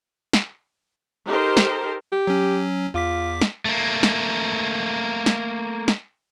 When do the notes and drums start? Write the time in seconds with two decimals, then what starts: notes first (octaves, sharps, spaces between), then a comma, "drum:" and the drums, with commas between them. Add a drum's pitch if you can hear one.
0.33 drum: snare
1.26 D#4 G4 A4 A#4 C5
1.57 drum: snare
2.12 G4
2.27 F#3 C#4
2.94 E2 F4 D6 B6
3.41 drum: snare
3.65 A3 A#3
4.03 drum: snare
5.26 drum: snare
5.88 drum: snare